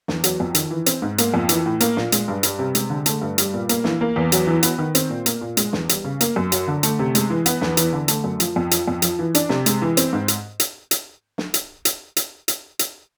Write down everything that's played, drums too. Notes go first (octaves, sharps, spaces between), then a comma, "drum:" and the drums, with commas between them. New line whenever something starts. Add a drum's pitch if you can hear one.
E2, drum: snare
F#3, drum: hi-hat
F2
D#3, drum: hi-hat
E3
C4, drum: hi-hat
G#2
A#3, drum: hi-hat
F2
E3, drum: hi-hat
A2
A#3, drum: hi-hat
A#2, drum: snare
G#3, drum: hi-hat
G2
G3, drum: hi-hat
C3
G#3, drum: hi-hat
D3
A3, drum: hi-hat
G2
G3, drum: hi-hat
A#2
A#3, drum: hi-hat
E3, drum: snare
A#3
E2
F#3, drum: hi-hat
E3
B3, drum: hi-hat
D#3
C4, drum: hi-hat
A#2
A#3, drum: hi-hat
A#2
G#3, drum: hi-hat
E2, drum: snare
G3, drum: hi-hat
C#3
A#3, drum: hi-hat
F#2
F#3, drum: hi-hat
D3
A3, drum: hi-hat
C3
G#3, drum: hi-hat
E3
B3, drum: hi-hat
E2, drum: snare
E3, drum: hi-hat
D3
A3, drum: hi-hat
F#2
F3, drum: hi-hat
F2
F3, drum: hi-hat
F2
F3, drum: hi-hat
E3
D4, drum: hi-hat
C3, drum: snare
G#3, drum: hi-hat
E3
C4, drum: hi-hat
G#2
drum: hi-hat
drum: hi-hat
drum: hi-hat
drum: snare
drum: hi-hat
drum: hi-hat
drum: hi-hat
drum: hi-hat
drum: hi-hat